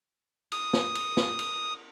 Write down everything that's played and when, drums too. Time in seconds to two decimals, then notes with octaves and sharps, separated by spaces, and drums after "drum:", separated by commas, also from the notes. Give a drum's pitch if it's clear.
0.52 D#6, drum: cymbal
0.73 drum: snare
0.95 drum: cymbal
1.17 drum: snare
1.39 drum: cymbal